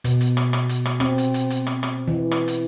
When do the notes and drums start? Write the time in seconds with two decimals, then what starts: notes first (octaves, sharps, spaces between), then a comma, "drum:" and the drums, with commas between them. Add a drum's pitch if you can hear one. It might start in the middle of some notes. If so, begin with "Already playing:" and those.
0.04 B2, drum: hi-hat
0.21 drum: hi-hat
0.37 drum: rim click
0.53 drum: rim click
0.69 drum: hi-hat
0.85 drum: rim click
1.00 C4, drum: rim click
1.18 drum: hi-hat
1.34 drum: hi-hat
1.50 drum: hi-hat
1.67 drum: rim click
1.83 drum: rim click
2.08 E3
2.31 drum: rim click
2.48 drum: hi-hat